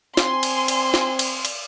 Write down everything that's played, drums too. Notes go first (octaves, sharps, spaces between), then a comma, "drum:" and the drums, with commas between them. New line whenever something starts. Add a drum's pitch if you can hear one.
C4 G#5 C6, drum: snare
drum: cymbal
drum: cymbal
drum: snare
drum: cymbal
drum: cymbal